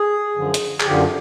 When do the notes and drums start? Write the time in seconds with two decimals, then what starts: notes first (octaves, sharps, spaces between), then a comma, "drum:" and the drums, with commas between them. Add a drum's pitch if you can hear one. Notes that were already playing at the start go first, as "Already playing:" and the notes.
Already playing: G#4
0.36 F#2 D3 F3
0.54 drum: hi-hat
0.80 G#4, drum: clap
0.86 F#2 D3 F3 G4